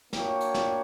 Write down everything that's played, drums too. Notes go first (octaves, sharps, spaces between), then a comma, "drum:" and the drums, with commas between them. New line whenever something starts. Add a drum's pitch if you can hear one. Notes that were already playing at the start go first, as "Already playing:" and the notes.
A#3 D4 F#4 C#5 G5, drum: snare
drum: hi-hat
drum: snare